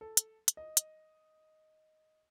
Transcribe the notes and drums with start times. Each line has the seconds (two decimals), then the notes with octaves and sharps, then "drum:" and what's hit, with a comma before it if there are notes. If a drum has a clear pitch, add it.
0.01 A4
0.17 drum: hi-hat
0.48 drum: hi-hat
0.57 D#5
0.77 drum: hi-hat